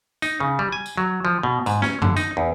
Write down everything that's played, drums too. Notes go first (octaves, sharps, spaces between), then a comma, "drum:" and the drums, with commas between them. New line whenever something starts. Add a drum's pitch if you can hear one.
D#4, drum: tambourine
C#3
G3
G#5
drum: tambourine
F#3
F3
B2
G#2, drum: tambourine
C#4, drum: snare
D3, drum: tom F#2
D#4, drum: tambourine
E2